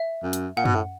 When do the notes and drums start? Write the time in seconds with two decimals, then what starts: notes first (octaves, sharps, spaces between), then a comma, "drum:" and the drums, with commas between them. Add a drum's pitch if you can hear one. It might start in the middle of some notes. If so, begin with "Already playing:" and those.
Already playing: E5
0.23 F#2
0.33 drum: hi-hat
0.57 A#2 F#5
0.65 B2, drum: tom F#2
0.75 A2